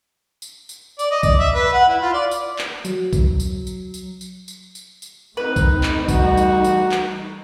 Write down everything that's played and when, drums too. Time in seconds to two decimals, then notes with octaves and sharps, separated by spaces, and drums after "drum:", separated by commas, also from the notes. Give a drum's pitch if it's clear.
0.42 drum: tambourine
0.69 drum: tambourine
0.99 D5, drum: tambourine
1.11 D#5
1.23 D5, drum: kick, tambourine
1.39 E5
1.54 B4
1.73 F#5
1.88 E4
2.01 F4
2.14 D5
2.31 drum: tambourine
2.59 drum: clap
2.85 F#3, drum: tambourine
3.13 drum: kick, tambourine
3.40 drum: tambourine
3.67 drum: tambourine
3.94 drum: tambourine
4.21 drum: tambourine
4.48 drum: tambourine
4.75 drum: tambourine
5.02 drum: tambourine
5.37 A3 C4 D#4 B4
5.56 drum: kick, tambourine
5.83 drum: clap
6.08 E3 G3 F#4, drum: kick, tambourine
6.37 drum: tambourine
6.64 drum: tambourine
6.92 drum: clap